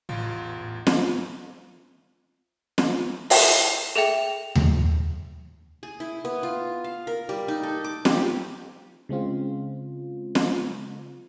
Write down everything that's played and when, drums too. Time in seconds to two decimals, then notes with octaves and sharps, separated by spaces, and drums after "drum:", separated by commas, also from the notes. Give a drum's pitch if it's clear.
0.09 A1 E2 A2 F4
0.87 drum: snare
2.78 drum: snare
3.30 E5, drum: open hi-hat
3.96 G#4 A4 E5 G5
4.55 drum: tom D#2
5.83 G#4
6.00 E4
6.25 B3
6.43 F4
6.84 F5
7.07 A#4
7.29 G3
7.48 D#4
7.63 A4
7.84 D6
8.05 G4, drum: snare
9.09 C#3 G#3 C4 F4
10.35 drum: snare